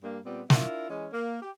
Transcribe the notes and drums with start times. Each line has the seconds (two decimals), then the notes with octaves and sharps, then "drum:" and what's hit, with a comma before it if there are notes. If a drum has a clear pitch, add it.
0.03 G2 A#3
0.25 A#2 G3 B3 C4
0.50 D4 E4 F4 A#4, drum: snare
0.89 E3 G#3 C#4
1.13 A#3
1.42 G4